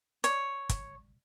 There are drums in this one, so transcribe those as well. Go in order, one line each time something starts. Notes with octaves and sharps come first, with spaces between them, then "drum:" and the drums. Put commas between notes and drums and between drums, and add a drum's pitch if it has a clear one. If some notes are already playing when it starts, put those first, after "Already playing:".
C#5, drum: hi-hat
drum: kick, hi-hat